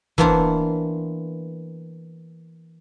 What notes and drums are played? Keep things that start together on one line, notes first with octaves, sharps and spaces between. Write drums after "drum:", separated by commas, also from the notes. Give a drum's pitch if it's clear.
E3 A#3 B3 D4 C5, drum: kick